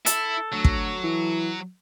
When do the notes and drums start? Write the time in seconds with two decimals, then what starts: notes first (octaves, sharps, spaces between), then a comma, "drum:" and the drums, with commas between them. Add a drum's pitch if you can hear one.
0.06 E4 A4, drum: hi-hat
0.53 D2 F#3
0.65 drum: kick
1.04 E3